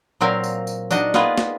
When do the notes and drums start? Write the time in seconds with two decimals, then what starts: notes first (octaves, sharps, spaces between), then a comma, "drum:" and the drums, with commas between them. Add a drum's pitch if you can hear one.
0.21 A#2 F#3 C4 A#4 F5
0.44 drum: tambourine
0.67 drum: tambourine
0.91 D4 D#4 F#4 D#5, drum: tambourine
1.14 A#3 B3 F4 G#4 B4, drum: snare
1.38 drum: snare